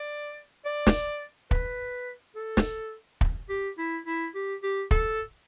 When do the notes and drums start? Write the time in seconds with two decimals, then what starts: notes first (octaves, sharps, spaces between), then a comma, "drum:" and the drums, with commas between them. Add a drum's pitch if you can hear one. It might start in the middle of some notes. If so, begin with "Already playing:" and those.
Already playing: D5
0.65 D5
0.87 drum: snare
1.51 B4, drum: kick
2.35 A4
2.57 drum: snare
3.21 drum: kick
3.49 G4
3.78 E4
4.06 E4
4.35 G4
4.63 G4
4.91 A4, drum: kick